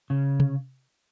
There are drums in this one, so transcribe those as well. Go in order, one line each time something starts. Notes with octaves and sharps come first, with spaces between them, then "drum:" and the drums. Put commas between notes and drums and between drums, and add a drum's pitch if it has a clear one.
C#3
drum: tom C3